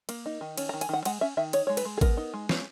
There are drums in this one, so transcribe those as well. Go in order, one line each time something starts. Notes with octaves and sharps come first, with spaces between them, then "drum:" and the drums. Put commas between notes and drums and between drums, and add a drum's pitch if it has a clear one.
A#3, drum: cymbal
D#4
D#3
C#4, drum: cymbal
A#5
D#3
G#5, drum: cymbal
D#3 F#5
G#3 F#5, drum: cymbal
C#4 E5
D#3 E5
D#4 C#5, drum: cymbal
G#3 C#5
B4, drum: cymbal
G#3
G#4
B3 A#4, drum: kick A1, cymbal
D#4
G#3
C#4, drum: snare